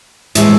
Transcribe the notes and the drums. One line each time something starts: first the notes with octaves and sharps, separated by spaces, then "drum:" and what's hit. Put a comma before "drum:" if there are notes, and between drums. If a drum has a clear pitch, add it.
A2 E3 G#3, drum: hi-hat